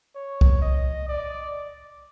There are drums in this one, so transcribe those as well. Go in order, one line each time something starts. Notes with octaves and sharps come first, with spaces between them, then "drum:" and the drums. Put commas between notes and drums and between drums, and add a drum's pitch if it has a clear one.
C#5
drum: kick C2
D#5
D5